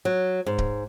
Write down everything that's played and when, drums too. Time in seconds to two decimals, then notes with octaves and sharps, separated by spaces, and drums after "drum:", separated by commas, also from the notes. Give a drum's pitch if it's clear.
0.05 F#3
0.46 G#2
0.58 drum: kick D1